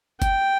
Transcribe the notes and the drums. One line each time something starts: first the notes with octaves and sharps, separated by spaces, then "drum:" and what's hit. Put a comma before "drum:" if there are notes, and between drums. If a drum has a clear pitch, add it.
G5, drum: kick F#1, hi-hat